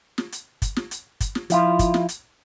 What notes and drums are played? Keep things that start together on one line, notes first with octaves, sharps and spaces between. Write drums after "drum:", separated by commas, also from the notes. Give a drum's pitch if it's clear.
drum: snare
drum: hi-hat
drum: kick, hi-hat
drum: snare
drum: hi-hat
drum: kick, hi-hat
drum: snare
F3 E4 F4, drum: hi-hat
drum: kick, hi-hat
drum: snare
drum: hi-hat